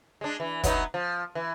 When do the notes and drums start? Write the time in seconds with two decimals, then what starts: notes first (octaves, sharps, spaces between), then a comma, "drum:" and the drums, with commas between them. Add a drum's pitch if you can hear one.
0.21 G#3 D4
0.40 E3
0.64 F#3 B3 D#4, drum: kick, hi-hat
0.94 F3
1.35 E3